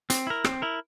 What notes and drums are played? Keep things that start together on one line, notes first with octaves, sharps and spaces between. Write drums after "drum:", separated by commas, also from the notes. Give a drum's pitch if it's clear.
C4, drum: hi-hat
E4 A#4
C4, drum: rim click
E4 A#4